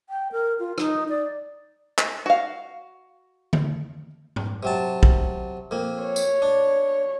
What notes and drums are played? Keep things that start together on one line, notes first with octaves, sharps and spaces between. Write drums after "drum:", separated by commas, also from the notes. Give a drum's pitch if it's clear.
G5
A#4
F4
D#4, drum: rim click
D5
drum: clap
F#4 F5
drum: tom D3
drum: tom G#2
C3 F#3 A5
drum: kick
F2 A#3
C#5
drum: tambourine
D4